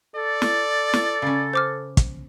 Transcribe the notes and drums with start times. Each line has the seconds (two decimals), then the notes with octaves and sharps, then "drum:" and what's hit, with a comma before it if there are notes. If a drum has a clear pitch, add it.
0.16 A4 D5
0.42 drum: snare
0.94 drum: snare
1.22 C#3 C#4
1.53 C5 D6 F6
1.97 drum: kick, hi-hat